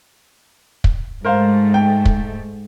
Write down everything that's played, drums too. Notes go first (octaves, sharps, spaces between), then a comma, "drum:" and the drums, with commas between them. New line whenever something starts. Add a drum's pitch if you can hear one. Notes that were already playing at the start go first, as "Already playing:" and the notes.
drum: kick
G#2 A3 A#4 C5 F5
G5
drum: kick